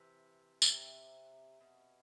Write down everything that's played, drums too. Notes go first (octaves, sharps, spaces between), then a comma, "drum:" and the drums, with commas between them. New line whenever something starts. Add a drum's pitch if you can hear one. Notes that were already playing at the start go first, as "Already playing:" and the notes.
Already playing: C3 E3
C3, drum: tambourine
B2